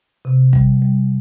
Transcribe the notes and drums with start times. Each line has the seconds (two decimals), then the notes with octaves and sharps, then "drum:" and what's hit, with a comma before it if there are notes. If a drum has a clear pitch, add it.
0.25 C3
0.53 G3, drum: kick
0.82 G3